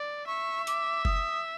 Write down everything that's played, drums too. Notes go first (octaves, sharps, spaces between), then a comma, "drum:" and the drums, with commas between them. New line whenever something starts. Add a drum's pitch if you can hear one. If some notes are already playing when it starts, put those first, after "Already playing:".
Already playing: D5
E5 C#6
D6, drum: hi-hat
D#6, drum: kick F1